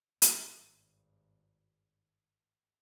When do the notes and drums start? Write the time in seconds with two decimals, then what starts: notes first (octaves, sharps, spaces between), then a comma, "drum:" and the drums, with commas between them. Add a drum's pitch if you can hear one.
0.22 G#1 G2, drum: hi-hat